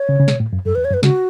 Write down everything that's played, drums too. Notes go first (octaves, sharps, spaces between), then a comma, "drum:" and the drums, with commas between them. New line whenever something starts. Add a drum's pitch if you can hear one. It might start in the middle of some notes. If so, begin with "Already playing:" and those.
Already playing: C#5
C#3
C#3
B2, drum: snare
A2
F#2
F#2 A4
E2 B4
C#5
F#2
B4
C#3 F#4, drum: snare